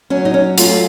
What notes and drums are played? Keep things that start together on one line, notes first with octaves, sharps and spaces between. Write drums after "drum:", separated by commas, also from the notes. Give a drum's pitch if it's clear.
F#3 C#4
D#4
C#4
A3 F4, drum: hi-hat